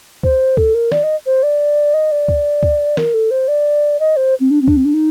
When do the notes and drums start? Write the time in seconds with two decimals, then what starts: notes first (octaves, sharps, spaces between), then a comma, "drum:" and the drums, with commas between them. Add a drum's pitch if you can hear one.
0.23 C5, drum: kick
0.57 A4, drum: kick
0.74 A#4
0.92 D5, drum: snare
1.03 D#5
1.26 C5
1.43 D5
1.94 D#5
2.12 D5
2.28 drum: kick
2.63 drum: kick
2.97 A#4, drum: snare
3.14 A4
3.31 C5
3.48 D5
3.99 D#5
4.16 C5
4.40 C4
4.50 D4
4.62 C4
4.68 D4, drum: kick
4.77 C4
4.85 D4
4.94 D#4